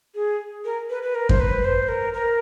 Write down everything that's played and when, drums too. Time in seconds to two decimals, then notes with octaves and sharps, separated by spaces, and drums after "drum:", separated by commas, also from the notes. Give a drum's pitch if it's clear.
0.15 G#4
0.65 A#4
0.90 B4
1.03 B4
1.15 A#4
1.29 C5, drum: kick F#2
1.40 B4
1.65 C5
1.88 A#4
2.13 A#4